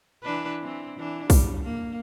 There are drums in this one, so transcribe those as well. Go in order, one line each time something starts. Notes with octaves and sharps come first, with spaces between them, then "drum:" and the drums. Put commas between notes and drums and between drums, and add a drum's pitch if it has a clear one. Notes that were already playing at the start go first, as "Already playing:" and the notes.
E3 D4 B4
E3 C4
E3 D4
G3, drum: kick B1, open hi-hat
A#3